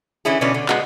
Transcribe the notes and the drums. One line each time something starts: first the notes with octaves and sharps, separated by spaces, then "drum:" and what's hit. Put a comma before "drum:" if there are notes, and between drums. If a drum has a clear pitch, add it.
D3 E3 C#4 E4 G#4
B2 D3 E3 C#4 B4 D5
D3
G#3 B3 F#4, drum: clap